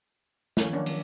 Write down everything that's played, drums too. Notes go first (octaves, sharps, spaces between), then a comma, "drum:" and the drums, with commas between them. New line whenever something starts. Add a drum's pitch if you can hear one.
D#3 F3 A#3 C#4, drum: snare
D#3 F#3 A#3 C#4 D4
drum: cymbal